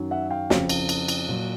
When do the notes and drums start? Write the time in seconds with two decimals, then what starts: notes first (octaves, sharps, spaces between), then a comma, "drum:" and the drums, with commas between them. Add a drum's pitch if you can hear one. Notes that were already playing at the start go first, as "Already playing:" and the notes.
Already playing: F#2 D#3 F#3
0.11 E5 F#5
0.30 F5 G5
0.50 F2 C#3 F3, drum: snare
0.69 drum: cymbal
0.89 drum: cymbal
1.08 drum: cymbal
1.29 A#2 F#3